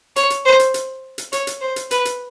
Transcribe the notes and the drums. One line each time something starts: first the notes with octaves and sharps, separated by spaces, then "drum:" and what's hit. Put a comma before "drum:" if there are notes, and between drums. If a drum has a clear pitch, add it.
C#5, drum: hi-hat
drum: hi-hat
C5
drum: hi-hat
drum: hi-hat
drum: hi-hat
C#5, drum: hi-hat
drum: hi-hat
C5
drum: hi-hat
B4, drum: hi-hat
drum: hi-hat